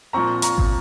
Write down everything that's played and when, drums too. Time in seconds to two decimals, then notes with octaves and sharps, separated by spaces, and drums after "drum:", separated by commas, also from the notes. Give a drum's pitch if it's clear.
0.13 A#2 F3 C4 A#5 C#6
0.42 A#5 C#6, drum: hi-hat
0.58 drum: kick